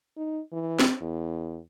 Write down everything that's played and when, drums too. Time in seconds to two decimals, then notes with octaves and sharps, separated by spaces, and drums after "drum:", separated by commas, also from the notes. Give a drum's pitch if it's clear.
0.17 D#4
0.52 E3
0.79 drum: snare
1.01 E2